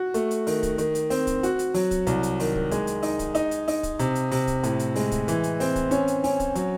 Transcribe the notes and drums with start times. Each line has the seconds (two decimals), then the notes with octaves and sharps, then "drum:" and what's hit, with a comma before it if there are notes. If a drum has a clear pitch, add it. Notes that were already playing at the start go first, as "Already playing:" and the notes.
Already playing: F#4
0.14 A3, drum: hi-hat
0.31 drum: hi-hat
0.47 D#3, drum: open hi-hat
0.63 drum: kick, hi-hat
0.78 D#3, drum: hi-hat
0.95 drum: hi-hat
1.10 C4, drum: open hi-hat
1.27 drum: kick, hi-hat
1.43 F#4, drum: hi-hat
1.59 drum: hi-hat
1.74 F#3, drum: open hi-hat
1.91 drum: kick, hi-hat
2.07 C2, drum: hi-hat
2.23 drum: hi-hat
2.40 D#3, drum: open hi-hat
2.55 drum: kick
2.71 G#3, drum: hi-hat
2.87 drum: hi-hat
3.03 D#4, drum: open hi-hat
3.19 drum: kick, hi-hat
3.35 D#4, drum: hi-hat
3.51 drum: hi-hat
3.68 D#4, drum: open hi-hat
3.83 drum: kick, hi-hat
3.99 C3, drum: hi-hat
4.15 drum: hi-hat
4.31 C3, drum: open hi-hat
4.47 drum: kick, hi-hat
4.63 A2, drum: hi-hat
4.79 drum: hi-hat
4.96 G#3, drum: open hi-hat
5.11 drum: kick, hi-hat
5.28 E3, drum: hi-hat
5.44 drum: hi-hat
5.60 C4, drum: open hi-hat
5.76 drum: kick, hi-hat
5.91 C#4, drum: hi-hat
6.08 drum: hi-hat
6.24 C#4, drum: open hi-hat
6.40 drum: kick, hi-hat
6.55 F#3, drum: hi-hat